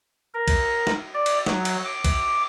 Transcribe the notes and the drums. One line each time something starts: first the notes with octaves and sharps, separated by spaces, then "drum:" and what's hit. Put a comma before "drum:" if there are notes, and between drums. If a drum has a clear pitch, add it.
A#4
drum: kick B1, cymbal
drum: snare
D5
drum: cymbal
F#3, drum: snare
drum: cymbal
D6
drum: kick B1, cymbal